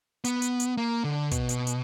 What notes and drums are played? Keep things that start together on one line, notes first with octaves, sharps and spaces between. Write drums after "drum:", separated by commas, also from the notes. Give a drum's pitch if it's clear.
B3, drum: hi-hat
drum: hi-hat
drum: hi-hat
A#3
D3
B2, drum: kick, hi-hat
drum: hi-hat
drum: hi-hat